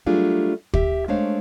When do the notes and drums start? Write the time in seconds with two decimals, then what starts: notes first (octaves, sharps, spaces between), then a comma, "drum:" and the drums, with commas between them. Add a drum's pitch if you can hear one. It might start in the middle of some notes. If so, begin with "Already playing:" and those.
0.06 F#3 G3 A3 D4 F4 G#4
0.74 G4 E5, drum: kick
1.08 G#3 A3 D4 C5 C#5 F5